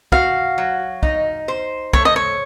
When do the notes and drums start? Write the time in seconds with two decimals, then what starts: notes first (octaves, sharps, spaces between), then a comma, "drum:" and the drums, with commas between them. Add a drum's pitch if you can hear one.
0.12 F#4 F5, drum: kick
0.58 F#3
1.03 D#4, drum: kick
1.48 C5
1.93 A3 C#5, drum: kick
2.05 D#5
2.16 C#5